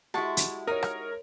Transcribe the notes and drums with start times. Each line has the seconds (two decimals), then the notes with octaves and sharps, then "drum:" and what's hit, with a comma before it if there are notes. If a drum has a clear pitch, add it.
0.14 G#3 E4 F#4 G4 F#5 A5 C#6
0.37 drum: hi-hat
0.67 D#4 A#4 C#5
0.83 drum: rim click